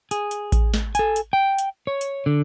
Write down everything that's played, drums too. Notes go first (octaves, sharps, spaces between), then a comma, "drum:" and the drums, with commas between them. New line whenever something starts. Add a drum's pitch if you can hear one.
G#4, drum: hi-hat
drum: hi-hat
drum: kick A1, hi-hat
drum: snare
A4 G#5, drum: hi-hat
drum: hi-hat
G5
drum: hi-hat
C#5
drum: hi-hat
D3